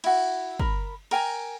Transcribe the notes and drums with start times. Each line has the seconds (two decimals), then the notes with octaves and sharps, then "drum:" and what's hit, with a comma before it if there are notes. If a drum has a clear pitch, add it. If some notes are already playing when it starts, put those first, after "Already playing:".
0.04 E4 F#4, drum: cymbal
0.59 A#4 B5, drum: kick
1.11 A#4 G5 G#5 A#5, drum: cymbal